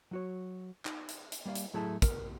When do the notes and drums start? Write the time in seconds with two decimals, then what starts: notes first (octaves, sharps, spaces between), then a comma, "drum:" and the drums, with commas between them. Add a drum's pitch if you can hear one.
0.11 F#3 F#4 C#5
0.85 D#4, drum: clap
1.09 drum: hi-hat
1.32 drum: hi-hat
1.46 G3 A#3 D5 F5
1.55 drum: hi-hat
1.74 A2 F#3 A3 E4 G#4 A5
2.02 A#4, drum: kick, hi-hat